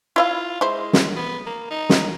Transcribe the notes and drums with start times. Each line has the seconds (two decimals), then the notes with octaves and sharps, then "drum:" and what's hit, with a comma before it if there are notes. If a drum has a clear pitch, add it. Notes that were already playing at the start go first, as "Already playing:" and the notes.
0.16 E4 F4 E5 F5
0.61 G#3 E4 C5
0.93 drum: snare
1.16 B3
1.46 A#3
1.70 D#4
1.90 drum: snare